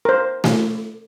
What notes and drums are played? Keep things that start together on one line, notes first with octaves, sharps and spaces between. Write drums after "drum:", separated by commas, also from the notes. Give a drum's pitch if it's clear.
A#4 C5
drum: snare A3